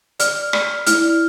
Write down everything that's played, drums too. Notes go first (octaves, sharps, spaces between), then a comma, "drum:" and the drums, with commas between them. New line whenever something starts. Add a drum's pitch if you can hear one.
D5 F6, drum: hi-hat
D5, drum: rim click
E4 F6, drum: hi-hat